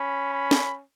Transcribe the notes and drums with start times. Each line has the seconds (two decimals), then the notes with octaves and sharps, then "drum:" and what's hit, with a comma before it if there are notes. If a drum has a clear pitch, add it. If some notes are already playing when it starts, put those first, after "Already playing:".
Already playing: C#4 B5
0.34 B5
0.51 drum: snare